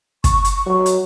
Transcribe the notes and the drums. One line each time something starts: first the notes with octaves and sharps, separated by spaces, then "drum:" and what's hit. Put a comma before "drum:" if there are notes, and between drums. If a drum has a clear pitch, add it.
C#6, drum: kick, hi-hat
drum: hi-hat
F#3
drum: hi-hat